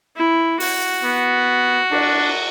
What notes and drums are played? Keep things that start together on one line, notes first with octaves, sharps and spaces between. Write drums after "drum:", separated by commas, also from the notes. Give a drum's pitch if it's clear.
E4
F#4, drum: open hi-hat
B3
D4, drum: cymbal